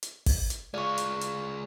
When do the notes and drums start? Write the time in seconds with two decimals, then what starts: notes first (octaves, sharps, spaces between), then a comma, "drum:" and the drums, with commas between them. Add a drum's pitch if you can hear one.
0.03 drum: hi-hat
0.26 drum: kick, open hi-hat
0.50 drum: hi-hat
0.74 G#3 F4 D5 C#6
0.98 drum: hi-hat
1.21 drum: hi-hat